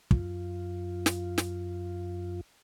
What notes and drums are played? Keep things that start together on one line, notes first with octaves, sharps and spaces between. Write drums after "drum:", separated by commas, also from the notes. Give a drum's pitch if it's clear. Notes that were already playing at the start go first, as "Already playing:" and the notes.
F#2 F4, drum: kick
drum: snare
drum: snare